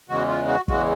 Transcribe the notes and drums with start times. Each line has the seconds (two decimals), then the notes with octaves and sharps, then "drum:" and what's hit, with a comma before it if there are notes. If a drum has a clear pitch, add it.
0.09 E2 C#3 E3 G#3 F#4
0.28 F4
0.48 F#4
0.68 E2 C#3 E3 G#3 F#4, drum: kick